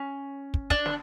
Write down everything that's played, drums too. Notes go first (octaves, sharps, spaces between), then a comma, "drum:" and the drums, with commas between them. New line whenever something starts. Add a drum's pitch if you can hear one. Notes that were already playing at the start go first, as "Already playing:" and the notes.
Already playing: C#4
drum: kick
D4, drum: kick
drum: snare